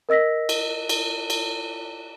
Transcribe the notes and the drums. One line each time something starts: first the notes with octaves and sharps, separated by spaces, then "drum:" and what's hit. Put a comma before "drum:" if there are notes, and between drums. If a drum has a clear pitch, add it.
A#4 D#5 E6 A#6 B6
drum: cymbal
drum: cymbal
drum: cymbal